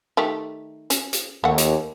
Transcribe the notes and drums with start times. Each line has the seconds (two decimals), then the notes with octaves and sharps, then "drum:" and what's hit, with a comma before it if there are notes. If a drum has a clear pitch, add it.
0.17 D#3 A3 G4
0.90 C#4, drum: hi-hat
1.13 drum: hi-hat
1.44 D#2 A3 F#5
1.58 drum: hi-hat